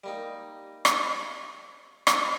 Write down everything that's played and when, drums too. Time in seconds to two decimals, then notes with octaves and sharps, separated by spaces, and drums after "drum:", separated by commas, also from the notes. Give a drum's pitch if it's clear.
0.04 G3 A#3 D#4
0.85 drum: rim click
2.07 drum: rim click